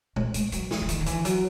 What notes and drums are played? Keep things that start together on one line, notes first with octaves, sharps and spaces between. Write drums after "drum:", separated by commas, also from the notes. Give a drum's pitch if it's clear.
A3, drum: tom A#2
G#3, drum: hi-hat
F#3, drum: hi-hat
E3, drum: snare
E3
D#3, drum: hi-hat
D#3
E3, drum: hi-hat
F#3, drum: hi-hat